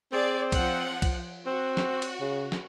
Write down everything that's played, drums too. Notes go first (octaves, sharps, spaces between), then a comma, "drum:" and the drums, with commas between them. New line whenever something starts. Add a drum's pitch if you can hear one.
C4 G#4 D5
F3 F#5, drum: kick, cymbal
drum: kick, cymbal
C4 F#4
drum: snare
drum: cymbal
C#3
drum: snare